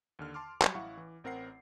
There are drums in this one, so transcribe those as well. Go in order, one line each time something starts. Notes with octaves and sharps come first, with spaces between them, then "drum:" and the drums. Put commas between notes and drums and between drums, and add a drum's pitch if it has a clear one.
D#2 D3 F6
A5 C6 D6 F6
F#3 G3 B5, drum: clap
A1 E4 F5 F#5 C#6
E3
A1 C4 A#4 F#5 C7